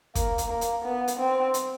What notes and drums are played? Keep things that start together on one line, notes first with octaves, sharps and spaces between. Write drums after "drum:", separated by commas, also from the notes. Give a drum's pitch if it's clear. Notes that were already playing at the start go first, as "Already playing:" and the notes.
A#3, drum: kick, hi-hat
drum: hi-hat
A#3
drum: hi-hat
B3
drum: hi-hat
C4
drum: hi-hat